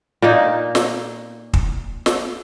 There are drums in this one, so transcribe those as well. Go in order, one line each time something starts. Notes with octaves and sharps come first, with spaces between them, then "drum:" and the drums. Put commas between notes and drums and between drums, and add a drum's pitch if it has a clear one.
A#2 A#3 D#4
drum: snare
drum: kick
drum: snare